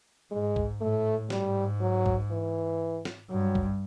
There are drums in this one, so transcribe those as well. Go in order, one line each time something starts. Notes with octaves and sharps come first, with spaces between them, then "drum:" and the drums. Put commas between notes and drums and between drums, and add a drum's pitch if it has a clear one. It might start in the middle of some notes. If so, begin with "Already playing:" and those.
G#2 G#3
drum: kick
A2 A3
G#2 G3, drum: snare
F#3
drum: kick
E3
drum: snare
G2 F#3
drum: kick